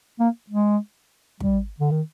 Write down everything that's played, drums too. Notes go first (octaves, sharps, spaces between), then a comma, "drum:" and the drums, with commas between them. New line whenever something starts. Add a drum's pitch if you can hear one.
A#3
G#3
G3, drum: kick
D3
D#3